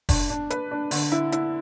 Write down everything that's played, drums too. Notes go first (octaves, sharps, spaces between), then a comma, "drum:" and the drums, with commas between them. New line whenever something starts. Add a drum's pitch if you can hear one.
D4, drum: kick F1, open hi-hat
D4
B4, drum: hi-hat
D4
D3, drum: open hi-hat
E4
E4, drum: hi-hat